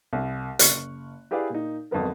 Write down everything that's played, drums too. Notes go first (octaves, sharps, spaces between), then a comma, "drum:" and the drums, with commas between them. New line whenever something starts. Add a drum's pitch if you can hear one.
C2
F#1 C#6 F6 F#6, drum: hi-hat
E4 G4 G#4 B4 D5 F5
A#2 D#4
G#1 F2 F#3 B3 A#4